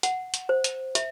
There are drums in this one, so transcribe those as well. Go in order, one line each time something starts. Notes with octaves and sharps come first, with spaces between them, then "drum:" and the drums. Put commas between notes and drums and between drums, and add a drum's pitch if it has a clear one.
F#5, drum: hi-hat
drum: hi-hat
C5
drum: hi-hat
E5, drum: hi-hat